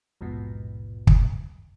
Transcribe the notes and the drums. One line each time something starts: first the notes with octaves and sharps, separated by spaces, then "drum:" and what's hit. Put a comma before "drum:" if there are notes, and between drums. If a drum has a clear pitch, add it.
A#1 E2 G#2 B2
drum: kick